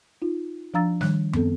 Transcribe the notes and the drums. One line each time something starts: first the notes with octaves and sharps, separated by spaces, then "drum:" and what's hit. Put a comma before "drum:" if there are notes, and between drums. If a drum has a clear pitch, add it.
D#4 F4
F3 D4 F5 A#5 E6 A6
D#3 G3 F#6, drum: snare
B3 C4 A4, drum: tom F#2